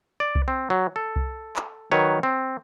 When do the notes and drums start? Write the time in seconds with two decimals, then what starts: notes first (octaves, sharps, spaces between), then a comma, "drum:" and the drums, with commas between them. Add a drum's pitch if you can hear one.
0.20 D5
0.35 drum: kick C2
0.48 C4
0.70 F#3
0.96 A4
1.16 drum: kick C2
1.56 drum: clap
1.92 D#3 F#3 B4 C#5
2.23 C4